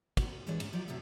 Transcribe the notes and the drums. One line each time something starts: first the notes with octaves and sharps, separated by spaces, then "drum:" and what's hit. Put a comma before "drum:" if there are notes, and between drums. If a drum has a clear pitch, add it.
F#4 A#4, drum: kick, cymbal
E3 G#3 A#3 D4 C#5 E5
D2 G#2 C#4 C#5, drum: cymbal
F3 F#3 D#4 D5
F#2 A2 C3 F#4 A4 E5